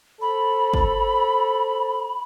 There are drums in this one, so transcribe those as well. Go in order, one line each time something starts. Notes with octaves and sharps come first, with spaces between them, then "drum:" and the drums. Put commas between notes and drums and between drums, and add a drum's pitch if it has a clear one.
A4 C5 B5
drum: kick G1